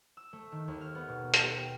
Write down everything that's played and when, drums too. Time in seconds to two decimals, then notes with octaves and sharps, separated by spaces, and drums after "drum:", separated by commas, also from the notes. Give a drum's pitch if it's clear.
0.17 E6
0.33 A3
0.52 D#3
0.68 D#2
0.81 F6
0.95 B3
1.09 B2
1.34 G5, drum: hi-hat
1.58 F6